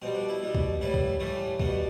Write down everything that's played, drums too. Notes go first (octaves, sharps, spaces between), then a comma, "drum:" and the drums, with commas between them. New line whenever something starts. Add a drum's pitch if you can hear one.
B2 G3 C4
D4
E4
B2 G3
drum: kick
A2 E3 G3 E4
drum: kick
A2 E3 G3 A3
B2 G3 B3, drum: kick